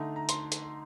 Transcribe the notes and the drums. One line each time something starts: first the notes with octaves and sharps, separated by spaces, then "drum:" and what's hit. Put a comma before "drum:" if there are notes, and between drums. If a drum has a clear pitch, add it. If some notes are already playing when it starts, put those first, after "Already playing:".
Already playing: D3 A3 D#4 A#5
A#5
C6, drum: hi-hat
drum: hi-hat